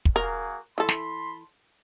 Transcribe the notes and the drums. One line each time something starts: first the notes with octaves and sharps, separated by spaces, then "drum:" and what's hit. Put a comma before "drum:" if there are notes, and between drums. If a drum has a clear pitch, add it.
drum: kick
A#3 F#4 G#4 A#4
E3 A4 A5 B5 C6
drum: snare